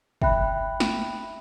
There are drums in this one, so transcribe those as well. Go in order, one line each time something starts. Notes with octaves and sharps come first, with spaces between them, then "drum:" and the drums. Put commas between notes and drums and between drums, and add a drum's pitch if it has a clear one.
E5 G5 B5 F#6, drum: kick
drum: snare